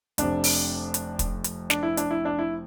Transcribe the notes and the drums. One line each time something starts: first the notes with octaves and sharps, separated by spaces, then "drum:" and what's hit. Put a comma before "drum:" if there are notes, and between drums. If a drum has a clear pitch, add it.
F1 F2 C3 D4, drum: hi-hat
drum: open hi-hat
drum: hi-hat
drum: kick, hi-hat
drum: hi-hat
D4, drum: snare
E4
D4, drum: hi-hat
E4
D4
E4